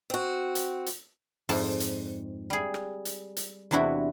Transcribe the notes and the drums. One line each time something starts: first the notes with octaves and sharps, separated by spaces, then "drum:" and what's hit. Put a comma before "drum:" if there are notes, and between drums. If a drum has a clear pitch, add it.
C4 F#4
drum: hi-hat
drum: hi-hat
F2 G#2 D5 A5, drum: open hi-hat
drum: hi-hat
G3 G#4
drum: rim click
drum: hi-hat
drum: hi-hat
E2 C3 D4 E4 F#4